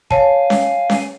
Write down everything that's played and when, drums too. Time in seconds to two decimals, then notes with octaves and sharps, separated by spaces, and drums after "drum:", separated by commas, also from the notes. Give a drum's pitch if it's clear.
0.11 C#5 F5 G#5 A5, drum: kick
0.50 drum: snare C#4
0.90 drum: snare C#4